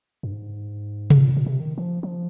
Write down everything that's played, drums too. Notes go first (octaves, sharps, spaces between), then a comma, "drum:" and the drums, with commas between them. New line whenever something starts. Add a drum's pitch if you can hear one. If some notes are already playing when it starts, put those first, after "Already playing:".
G2
G#2
C3, drum: tom C3
A#2
A#2
C3
D#3
D#3
F3
F3